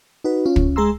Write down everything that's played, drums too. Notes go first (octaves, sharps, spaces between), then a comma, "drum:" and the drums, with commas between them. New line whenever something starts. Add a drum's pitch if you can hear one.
D#4 F#4 B4
C#4 F4
drum: kick
G#3 G#4 A#5 C6 E6